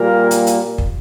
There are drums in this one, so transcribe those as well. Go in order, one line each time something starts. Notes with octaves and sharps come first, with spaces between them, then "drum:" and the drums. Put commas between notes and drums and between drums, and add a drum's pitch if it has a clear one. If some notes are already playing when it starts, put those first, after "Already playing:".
Already playing: A#2 G3 A#3 A#4
drum: hi-hat
drum: hi-hat
drum: kick